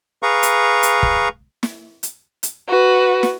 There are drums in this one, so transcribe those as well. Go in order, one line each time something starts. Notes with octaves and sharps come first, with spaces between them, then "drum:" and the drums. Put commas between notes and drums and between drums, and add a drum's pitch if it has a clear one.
G#4 B4 F5 A#5 C#6
drum: hi-hat
drum: hi-hat
drum: kick
drum: snare
drum: hi-hat
drum: hi-hat
F#4 B4
drum: snare